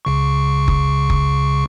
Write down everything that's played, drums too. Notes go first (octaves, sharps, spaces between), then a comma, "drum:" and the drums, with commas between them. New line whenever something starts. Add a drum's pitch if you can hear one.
C#2 C#3 C#6
drum: kick F#1
drum: kick F#1